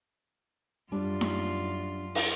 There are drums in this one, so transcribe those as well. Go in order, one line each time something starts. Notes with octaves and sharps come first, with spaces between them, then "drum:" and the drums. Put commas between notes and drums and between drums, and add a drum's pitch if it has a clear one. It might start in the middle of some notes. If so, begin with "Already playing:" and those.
F#2 G3 D4 F4 D5
drum: snare D#4
drum: open hi-hat